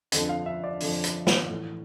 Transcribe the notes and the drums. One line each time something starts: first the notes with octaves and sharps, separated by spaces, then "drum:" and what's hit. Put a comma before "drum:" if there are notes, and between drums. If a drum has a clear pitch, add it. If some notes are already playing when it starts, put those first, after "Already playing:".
F2 D3 F3, drum: hi-hat
F5
E5
D5
F2 D3 F3, drum: open hi-hat
drum: hi-hat
drum: snare
A2 E3